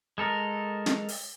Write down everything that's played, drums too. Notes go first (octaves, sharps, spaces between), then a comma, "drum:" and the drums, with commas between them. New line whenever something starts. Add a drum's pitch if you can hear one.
G#3 A4 A#4
drum: snare
drum: open hi-hat